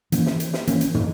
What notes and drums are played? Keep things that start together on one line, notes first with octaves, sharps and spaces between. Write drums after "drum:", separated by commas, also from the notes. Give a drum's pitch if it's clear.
E3 A#3 C#4, drum: hi-hat
drum: snare
drum: hi-hat
drum: snare
E3 A#3 C#4, drum: hi-hat
drum: hi-hat
drum: tom